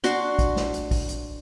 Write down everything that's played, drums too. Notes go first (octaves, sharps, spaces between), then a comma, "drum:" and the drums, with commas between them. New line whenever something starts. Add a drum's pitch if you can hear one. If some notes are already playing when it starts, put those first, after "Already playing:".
D4 F#4 C6, drum: hi-hat
drum: kick, hi-hat
drum: snare
drum: hi-hat
drum: kick, open hi-hat
drum: hi-hat